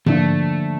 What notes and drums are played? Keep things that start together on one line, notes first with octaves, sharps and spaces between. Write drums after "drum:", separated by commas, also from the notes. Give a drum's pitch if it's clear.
D3 F3 A3 A#3 D4, drum: tom G#2